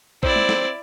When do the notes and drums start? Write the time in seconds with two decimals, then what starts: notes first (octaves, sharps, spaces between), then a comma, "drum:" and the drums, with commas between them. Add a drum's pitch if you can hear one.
0.23 C4 E4 D5, drum: kick A#1
0.36 drum: tom G#3
0.49 drum: snare